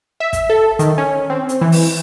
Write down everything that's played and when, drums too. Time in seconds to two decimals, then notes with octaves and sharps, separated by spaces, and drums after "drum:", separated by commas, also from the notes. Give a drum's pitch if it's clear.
0.20 E5
0.33 drum: kick, hi-hat
0.50 A4
0.79 D#3, drum: hi-hat
0.98 C#4
1.30 C4
1.49 drum: hi-hat
1.61 E3
1.72 drum: open hi-hat